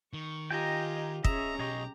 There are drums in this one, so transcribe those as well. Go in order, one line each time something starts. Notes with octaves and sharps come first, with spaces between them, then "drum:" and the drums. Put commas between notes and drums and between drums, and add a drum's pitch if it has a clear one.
D#3 C#6
D#4 F4 G4 D#5 G5 G#5 A#5
C#4 G#4 D#5 E5 A#5, drum: kick
B1 G4 G#4 D#5 C#6